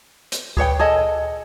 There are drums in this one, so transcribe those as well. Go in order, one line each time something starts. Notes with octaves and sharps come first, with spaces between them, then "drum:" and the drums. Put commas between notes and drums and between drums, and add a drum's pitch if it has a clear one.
drum: hi-hat
G#4 B4 C#5 G5, drum: kick D2
G#4 A4 D#5